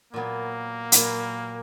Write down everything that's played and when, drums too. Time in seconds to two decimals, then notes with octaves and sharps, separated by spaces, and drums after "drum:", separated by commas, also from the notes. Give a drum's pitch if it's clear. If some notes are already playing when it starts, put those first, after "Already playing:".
0.13 A#2 F#3 A#3 B3
0.92 A#2 F#3 B3, drum: hi-hat